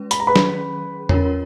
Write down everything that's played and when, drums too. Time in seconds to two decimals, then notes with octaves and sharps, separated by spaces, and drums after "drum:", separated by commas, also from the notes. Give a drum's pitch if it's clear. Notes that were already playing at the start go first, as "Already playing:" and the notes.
Already playing: G#3 C#4 B4
0.11 B5, drum: hi-hat
0.20 A#5
0.27 B4 B5
0.36 D#3 F#3 C#4 G#4, drum: snare
1.09 C#4 F4 A#4 C#5, drum: tom E2